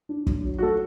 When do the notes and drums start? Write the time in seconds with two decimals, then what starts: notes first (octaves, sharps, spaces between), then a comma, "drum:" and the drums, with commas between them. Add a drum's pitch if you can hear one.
0.09 D4
0.27 F#3, drum: kick
0.45 F#3
0.58 F#4
0.62 A3 A4